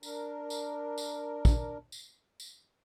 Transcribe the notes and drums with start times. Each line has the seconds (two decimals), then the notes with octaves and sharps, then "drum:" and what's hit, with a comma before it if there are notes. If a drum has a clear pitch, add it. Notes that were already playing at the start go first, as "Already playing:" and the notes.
0.03 D4 A#4, drum: tambourine
0.50 drum: tambourine
0.98 drum: tambourine
1.45 drum: kick, tambourine
1.92 drum: tambourine
2.40 drum: tambourine